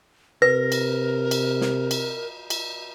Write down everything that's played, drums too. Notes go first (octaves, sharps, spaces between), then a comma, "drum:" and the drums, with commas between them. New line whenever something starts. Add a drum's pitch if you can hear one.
C3 A#4 B4 A#6
drum: cymbal
drum: cymbal
drum: snare
drum: cymbal
drum: cymbal